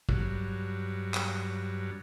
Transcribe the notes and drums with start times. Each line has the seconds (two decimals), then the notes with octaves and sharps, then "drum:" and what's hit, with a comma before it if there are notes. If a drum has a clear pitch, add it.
0.09 G2 F#3, drum: kick
1.14 drum: clap